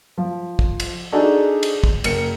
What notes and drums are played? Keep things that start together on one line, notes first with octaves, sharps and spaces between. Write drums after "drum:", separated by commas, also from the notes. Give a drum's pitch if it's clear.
F3
drum: kick
drum: cymbal
D4 D#4 F#4 G#4 A4 D5
drum: cymbal
drum: kick
F#1 A#4 C#7, drum: cymbal